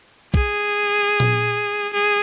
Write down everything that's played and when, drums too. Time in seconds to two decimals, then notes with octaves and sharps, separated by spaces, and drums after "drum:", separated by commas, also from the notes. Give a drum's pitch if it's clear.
0.34 G#4, drum: kick
1.20 drum: tom A#2
1.93 G#4